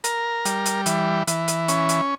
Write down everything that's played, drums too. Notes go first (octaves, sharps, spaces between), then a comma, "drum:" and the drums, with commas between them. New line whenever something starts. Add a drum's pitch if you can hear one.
A#4, drum: hi-hat
G3, drum: hi-hat
drum: hi-hat
E3, drum: hi-hat
E3, drum: hi-hat
drum: hi-hat
C#4, drum: hi-hat
drum: hi-hat